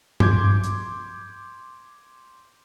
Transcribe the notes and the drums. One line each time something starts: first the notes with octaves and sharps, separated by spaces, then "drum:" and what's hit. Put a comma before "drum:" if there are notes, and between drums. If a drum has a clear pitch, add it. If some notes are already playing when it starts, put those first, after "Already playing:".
C6 D6 G6 G#6, drum: tom G2
drum: hi-hat